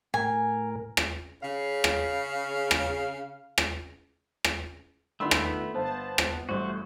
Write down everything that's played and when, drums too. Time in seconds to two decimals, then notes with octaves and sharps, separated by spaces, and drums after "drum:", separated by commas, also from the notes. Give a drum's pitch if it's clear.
0.14 A2 A#4 G#5
0.97 drum: rim click
1.42 C#3 F5
1.84 drum: rim click
2.71 drum: rim click
3.58 drum: rim click
4.44 drum: rim click
5.20 D#3 A3 B3 D4 F4 B5 C6 E6
5.31 drum: rim click
5.75 G1 B3 C5 F5 A5
6.18 drum: rim click
6.49 A1 G2 A3 F#4 C5